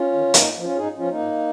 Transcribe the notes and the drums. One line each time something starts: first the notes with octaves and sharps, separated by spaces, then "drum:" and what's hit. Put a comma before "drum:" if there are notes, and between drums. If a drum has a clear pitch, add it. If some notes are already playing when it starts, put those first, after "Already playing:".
Already playing: C#4 F4
D#3
G#2 A#3 D#4, drum: hi-hat
F3
C#4 F4
G#2 D#4 G#4
F3 C#4 F4
A#3 D#4
G#2